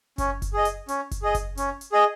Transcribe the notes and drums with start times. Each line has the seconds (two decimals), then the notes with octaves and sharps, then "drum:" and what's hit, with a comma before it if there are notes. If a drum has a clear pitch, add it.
0.18 C#4, drum: kick F#1, hi-hat
0.42 drum: kick F#1, hi-hat
0.53 G#4 D#5
0.65 drum: hi-hat
0.88 C#4, drum: hi-hat
1.11 drum: kick F#1, hi-hat
1.22 G#4 D#5
1.35 drum: kick F#1, hi-hat
1.57 C#4, drum: hi-hat
1.81 drum: hi-hat
1.92 G#4 D#5